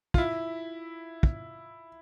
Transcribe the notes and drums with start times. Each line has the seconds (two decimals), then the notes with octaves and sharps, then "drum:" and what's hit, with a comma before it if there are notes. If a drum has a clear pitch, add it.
0.14 F4, drum: kick
0.18 E4
1.23 drum: kick